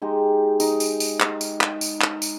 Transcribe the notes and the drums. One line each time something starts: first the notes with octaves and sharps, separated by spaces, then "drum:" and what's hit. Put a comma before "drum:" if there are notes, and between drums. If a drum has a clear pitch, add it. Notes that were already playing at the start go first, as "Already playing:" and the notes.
G#3 D#4 G4
D#4, drum: tambourine
drum: tambourine
drum: tambourine
drum: clap
drum: tambourine
drum: clap
drum: tambourine
drum: clap
drum: tambourine